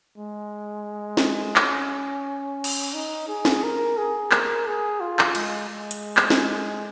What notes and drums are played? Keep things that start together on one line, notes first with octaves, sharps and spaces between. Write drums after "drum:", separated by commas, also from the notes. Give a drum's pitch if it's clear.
G#3
drum: snare
C#4, drum: clap
drum: cymbal
D#4
G#4
drum: snare
A#4
G#4
A#4, drum: clap
G#4
F4
drum: clap
G#3, drum: cymbal
G#3
drum: hi-hat
drum: clap
drum: snare